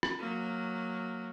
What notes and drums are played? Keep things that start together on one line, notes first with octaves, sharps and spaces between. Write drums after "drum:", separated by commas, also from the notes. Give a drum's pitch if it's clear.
drum: rim click
F#3 A#3